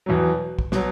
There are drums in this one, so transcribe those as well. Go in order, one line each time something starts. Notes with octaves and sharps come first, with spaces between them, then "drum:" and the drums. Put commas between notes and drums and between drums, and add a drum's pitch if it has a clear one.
E2 B2 F#3
drum: kick
B2 F#3, drum: snare